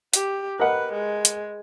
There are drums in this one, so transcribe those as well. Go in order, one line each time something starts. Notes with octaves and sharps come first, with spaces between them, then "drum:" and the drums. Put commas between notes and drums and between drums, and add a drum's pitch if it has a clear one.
G4, drum: hi-hat
A#4 B4 D#5 F#5
G#3
drum: hi-hat